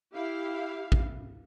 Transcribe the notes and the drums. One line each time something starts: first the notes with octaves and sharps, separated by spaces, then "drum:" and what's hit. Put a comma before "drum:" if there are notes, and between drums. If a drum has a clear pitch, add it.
E4 G4 F5
drum: kick A1